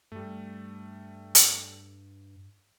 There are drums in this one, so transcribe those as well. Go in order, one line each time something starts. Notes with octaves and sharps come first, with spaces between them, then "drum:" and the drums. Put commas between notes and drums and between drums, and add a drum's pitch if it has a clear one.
G2 G3 A3
drum: hi-hat